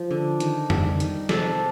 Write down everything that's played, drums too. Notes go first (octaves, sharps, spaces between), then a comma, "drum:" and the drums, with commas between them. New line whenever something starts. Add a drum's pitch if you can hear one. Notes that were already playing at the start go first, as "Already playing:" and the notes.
Already playing: F3
D3
D#3, drum: hi-hat
G3, drum: tom F2
D#3, drum: hi-hat
C3 A4, drum: snare